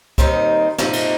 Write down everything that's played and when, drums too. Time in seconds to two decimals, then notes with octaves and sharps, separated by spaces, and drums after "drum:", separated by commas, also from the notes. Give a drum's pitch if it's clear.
0.18 D#2 D#3 G3 C4 D#4, drum: kick
0.78 C3 F3 A#3 D#4, drum: snare
0.93 drum: cymbal